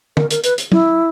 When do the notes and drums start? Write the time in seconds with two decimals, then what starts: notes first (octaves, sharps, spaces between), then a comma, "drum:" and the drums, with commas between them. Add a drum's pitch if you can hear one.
0.17 A#4, drum: tom
0.31 A#4, drum: hi-hat
0.44 B4, drum: hi-hat
0.58 drum: hi-hat
0.72 E4, drum: tom